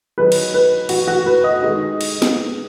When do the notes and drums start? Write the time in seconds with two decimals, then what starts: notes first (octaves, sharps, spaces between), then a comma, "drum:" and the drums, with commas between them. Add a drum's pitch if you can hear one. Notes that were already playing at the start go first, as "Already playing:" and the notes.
0.18 D#3 F#3 D#4 G#4 B4
0.32 drum: cymbal
0.54 B4
0.89 F#4, drum: cymbal
1.08 F#4
1.26 B4
1.44 D#5
1.61 D#3 G#3 D#4 D#5
2.01 drum: cymbal
2.22 drum: snare